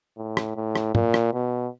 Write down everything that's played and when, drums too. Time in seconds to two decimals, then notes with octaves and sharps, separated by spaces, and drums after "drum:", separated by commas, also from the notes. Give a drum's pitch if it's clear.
0.18 A2
0.37 drum: rim click
0.56 A2
0.76 drum: rim click
0.95 A#2, drum: tom
1.14 drum: rim click
1.34 B2